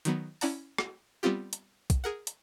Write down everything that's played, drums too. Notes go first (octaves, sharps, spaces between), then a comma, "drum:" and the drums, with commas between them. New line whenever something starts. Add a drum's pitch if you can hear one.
D#3 F#3 B3, drum: hi-hat
C#4 E4 D5 F#5 A5 A#5, drum: open hi-hat
drum: rim click
G3 B3 C4 F4 G4
drum: hi-hat
drum: kick, hi-hat
G#4 A#4 F#5
drum: hi-hat